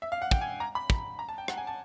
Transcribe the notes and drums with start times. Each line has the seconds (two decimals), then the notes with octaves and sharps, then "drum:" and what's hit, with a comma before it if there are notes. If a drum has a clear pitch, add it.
0.02 E5
0.12 F5
0.22 F#5
0.31 G5, drum: kick
0.41 G#5
0.60 A#5
0.75 B5
0.90 drum: kick
1.19 A#5
1.29 A5
1.38 G5
1.48 F#5, drum: rim click
1.57 G#5
1.67 A5